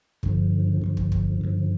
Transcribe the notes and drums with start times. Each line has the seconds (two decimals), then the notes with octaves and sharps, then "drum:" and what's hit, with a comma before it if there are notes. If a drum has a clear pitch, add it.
0.23 G2 D3 F3, drum: kick
0.81 G2 D3 F3
0.97 drum: kick
1.12 drum: kick
1.41 G2 D3 F3